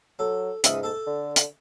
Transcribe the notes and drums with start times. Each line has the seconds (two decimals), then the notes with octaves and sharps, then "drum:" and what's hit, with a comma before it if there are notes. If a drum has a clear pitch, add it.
0.19 F#3 A4
0.64 C#2 G#2 E5 D#6, drum: hi-hat
0.83 A4 A5
1.07 D3
1.36 drum: hi-hat